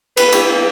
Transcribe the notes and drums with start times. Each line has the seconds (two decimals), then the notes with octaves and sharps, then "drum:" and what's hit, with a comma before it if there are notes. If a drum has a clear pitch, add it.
0.17 B4, drum: cymbal
0.32 drum: cymbal